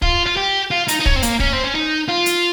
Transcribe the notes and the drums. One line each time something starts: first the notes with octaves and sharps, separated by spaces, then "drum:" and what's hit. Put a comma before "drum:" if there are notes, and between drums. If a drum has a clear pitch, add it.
F4, drum: kick
F4
G4
F4
D#4, drum: hi-hat
D#4
C#4, drum: kick
C4
A#3, drum: hi-hat
C#4, drum: kick
C4
C#4
D#4
F4
drum: hi-hat